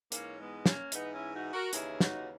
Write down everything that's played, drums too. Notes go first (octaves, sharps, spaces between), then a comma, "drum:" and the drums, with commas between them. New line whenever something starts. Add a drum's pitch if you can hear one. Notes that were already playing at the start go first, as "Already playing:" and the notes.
G#2 E3 A#3 C#4, drum: hi-hat
G#3 B3
A#3 C#4, drum: snare
G#2 E3 B3 D#4, drum: hi-hat
C#4 E4
D#4 F#4
F#4 A#4
D#2 C#3 E3 E4 G#4, drum: hi-hat
D#4 F#4, drum: snare